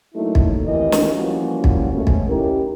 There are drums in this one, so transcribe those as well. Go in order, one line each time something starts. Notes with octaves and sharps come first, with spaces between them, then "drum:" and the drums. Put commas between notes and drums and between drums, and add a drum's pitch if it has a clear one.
F#3 A3 A#3 D#4 E4
drum: kick
D#2 E3 A3 C4 A#4 D#5
drum: snare
E3 F3 G3 A#3 C#4 F#4
drum: kick
C#3 G#3 A3 B3 C#4
drum: kick
C#4 D#4 E4 G4 A#4